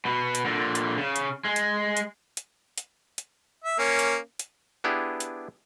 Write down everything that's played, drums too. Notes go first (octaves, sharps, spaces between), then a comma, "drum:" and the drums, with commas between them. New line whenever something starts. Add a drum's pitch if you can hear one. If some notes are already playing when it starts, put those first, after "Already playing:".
B2 B3
drum: hi-hat
A#2 D3
drum: hi-hat
C#3
drum: hi-hat
G#3
drum: hi-hat
drum: hi-hat
drum: hi-hat
drum: hi-hat
drum: hi-hat
E5
A#3 C#4
drum: hi-hat
drum: hi-hat
B3 D4 E4 G4 G#4
drum: hi-hat